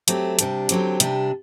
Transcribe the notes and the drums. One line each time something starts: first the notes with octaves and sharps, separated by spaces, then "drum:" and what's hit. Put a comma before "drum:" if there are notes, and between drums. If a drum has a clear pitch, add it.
F#3 A3 C4 G4, drum: hi-hat
C3 G3 D4, drum: hi-hat
D3 F#3 C4 G4, drum: hi-hat
C3 G3 D4, drum: hi-hat